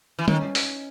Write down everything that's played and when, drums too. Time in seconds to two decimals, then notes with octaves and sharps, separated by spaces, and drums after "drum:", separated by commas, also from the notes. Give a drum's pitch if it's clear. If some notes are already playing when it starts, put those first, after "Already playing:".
0.19 E3
0.28 D#3 C#4, drum: tom
0.55 drum: open hi-hat